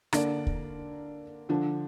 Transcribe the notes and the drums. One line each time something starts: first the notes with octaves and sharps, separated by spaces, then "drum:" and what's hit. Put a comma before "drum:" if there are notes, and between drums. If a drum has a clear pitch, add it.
D3 A#3 D4 A#4 D5, drum: rim click
drum: kick
D3 F3 D4